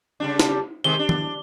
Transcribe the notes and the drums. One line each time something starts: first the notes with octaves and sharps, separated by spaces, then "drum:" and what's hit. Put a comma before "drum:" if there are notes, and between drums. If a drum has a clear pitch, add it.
C#3 G3 D4
drum: snare
C3 D#3 G#3 G7
D4
drum: tom D#3